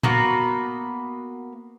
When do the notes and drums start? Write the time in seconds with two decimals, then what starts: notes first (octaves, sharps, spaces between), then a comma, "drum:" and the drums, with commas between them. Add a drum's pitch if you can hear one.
0.03 A#3 B3 F#4 B4, drum: tom A#2